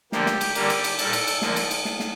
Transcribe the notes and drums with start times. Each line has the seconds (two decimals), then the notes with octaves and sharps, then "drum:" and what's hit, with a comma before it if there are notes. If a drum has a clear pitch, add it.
0.12 D3 F3 A#3 G4, drum: snare
0.26 drum: snare
0.41 drum: cymbal
0.55 D3 G3 A#3 G4, drum: cymbal
0.70 drum: cymbal
0.84 drum: cymbal
0.99 A#2 G3 A#3 A4, drum: cymbal
1.13 drum: cymbal
1.27 drum: cymbal
1.42 D3 F3 A#3, drum: snare
1.56 drum: cymbal
1.71 drum: cymbal
1.85 drum: snare
2.00 drum: snare